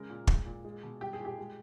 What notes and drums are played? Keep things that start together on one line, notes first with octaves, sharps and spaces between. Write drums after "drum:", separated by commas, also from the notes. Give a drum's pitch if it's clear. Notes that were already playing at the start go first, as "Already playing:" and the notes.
Already playing: C#3 G#3 A#4
A#2
G#3, drum: kick
A#2
G#3
B2
G3 G4
G#4
A#2
G4
G#3